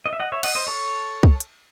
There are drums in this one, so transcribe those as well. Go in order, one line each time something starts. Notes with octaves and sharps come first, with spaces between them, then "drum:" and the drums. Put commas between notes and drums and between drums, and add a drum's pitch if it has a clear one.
D#5
E5
D#5 F#5
C#5 E5
D#5 F#5, drum: cymbal
C5 D#5
A4 C#5
drum: kick
drum: hi-hat